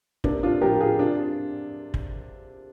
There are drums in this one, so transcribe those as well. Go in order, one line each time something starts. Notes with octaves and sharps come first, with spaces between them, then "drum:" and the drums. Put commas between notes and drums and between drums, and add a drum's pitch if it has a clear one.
C3 A#3 D4, drum: kick
D4 F4
F3 G4 A#4
F4 G#4
C3 D4 F4
drum: kick